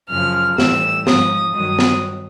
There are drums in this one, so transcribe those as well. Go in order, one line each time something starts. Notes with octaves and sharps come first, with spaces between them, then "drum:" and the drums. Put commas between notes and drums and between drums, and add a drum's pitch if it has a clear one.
F#2 C#3 F3 F6
A2 E3 G3 E6, drum: snare
G#2 F3 D#6, drum: snare
G2 D#3 F#3 D#6
drum: snare